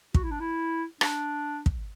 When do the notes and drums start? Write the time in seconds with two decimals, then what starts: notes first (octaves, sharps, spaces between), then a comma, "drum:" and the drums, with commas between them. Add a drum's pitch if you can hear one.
0.14 F#4, drum: kick
0.23 E4
0.31 D4
0.40 E4
1.01 D4, drum: rim click
1.66 drum: kick